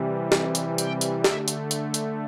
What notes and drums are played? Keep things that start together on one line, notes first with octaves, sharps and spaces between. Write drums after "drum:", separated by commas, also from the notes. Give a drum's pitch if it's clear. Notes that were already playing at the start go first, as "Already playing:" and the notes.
Already playing: C3 E3 G3
drum: snare
drum: hi-hat
G5, drum: hi-hat
drum: hi-hat
D3 A3 E5, drum: snare
drum: hi-hat
drum: hi-hat
drum: hi-hat